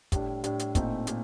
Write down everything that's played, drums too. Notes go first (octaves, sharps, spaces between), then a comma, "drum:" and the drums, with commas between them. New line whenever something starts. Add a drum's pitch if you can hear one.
A2 G3 D4, drum: kick, hi-hat
A2 G3 D4, drum: hi-hat
drum: hi-hat
A#2 A3 C4 D#4, drum: kick, hi-hat
A#2 A3, drum: hi-hat